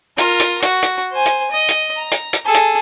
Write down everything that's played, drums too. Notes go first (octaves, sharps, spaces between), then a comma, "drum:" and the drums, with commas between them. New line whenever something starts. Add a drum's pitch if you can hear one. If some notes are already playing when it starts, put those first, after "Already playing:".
F4 A#4, drum: hi-hat
drum: hi-hat
F#4, drum: hi-hat
drum: hi-hat
C5 G#5
drum: hi-hat
D#5
drum: hi-hat
A#5
drum: hi-hat
drum: hi-hat
G#4 A4
drum: hi-hat